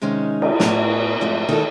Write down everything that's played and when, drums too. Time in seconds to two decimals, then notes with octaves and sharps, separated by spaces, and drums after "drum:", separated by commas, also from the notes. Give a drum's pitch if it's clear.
0.02 C3 D#3 G#3 C#4 D#4
0.42 drum: cymbal
0.60 A2 B3 C#5, drum: snare
1.21 F2 G#2 A3
1.49 D#3 G#3 G#4 A4